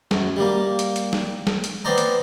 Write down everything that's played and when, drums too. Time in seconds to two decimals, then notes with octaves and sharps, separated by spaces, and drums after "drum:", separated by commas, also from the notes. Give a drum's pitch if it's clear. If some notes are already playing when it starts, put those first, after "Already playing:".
0.11 F#2, drum: snare G3
0.36 G3 A#3
0.79 drum: hi-hat
0.96 drum: hi-hat
1.13 drum: snare G3
1.47 drum: snare G3
1.64 drum: hi-hat
1.85 B3 C4 C5 D5 A#5
1.98 drum: hi-hat